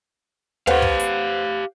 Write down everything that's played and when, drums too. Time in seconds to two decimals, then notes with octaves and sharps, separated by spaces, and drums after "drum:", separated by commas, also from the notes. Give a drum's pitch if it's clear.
0.67 G4 B4 C5 F5 F#5, drum: tom
0.82 drum: kick
1.00 drum: hi-hat